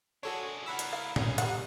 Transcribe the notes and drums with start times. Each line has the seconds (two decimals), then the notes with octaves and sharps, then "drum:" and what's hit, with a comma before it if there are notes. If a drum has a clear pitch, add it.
0.23 D4 F#4 G#4 A4 C#5
0.66 E4 A#4 F#5 B5 E6
0.79 drum: hi-hat
0.93 F5
1.16 G2 C#4 G#4 A#4, drum: tom A2
1.38 G3 F#5, drum: hi-hat